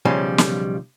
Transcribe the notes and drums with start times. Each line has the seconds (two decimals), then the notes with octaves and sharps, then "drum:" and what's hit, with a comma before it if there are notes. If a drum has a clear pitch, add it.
0.05 B1 C#3 F3 G3 G#5
0.38 drum: snare